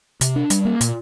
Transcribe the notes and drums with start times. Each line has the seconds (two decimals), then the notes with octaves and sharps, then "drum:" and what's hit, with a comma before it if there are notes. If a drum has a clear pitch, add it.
0.21 C3, drum: hi-hat
0.36 D4
0.50 G3, drum: hi-hat
0.65 A#3
0.81 A#2, drum: hi-hat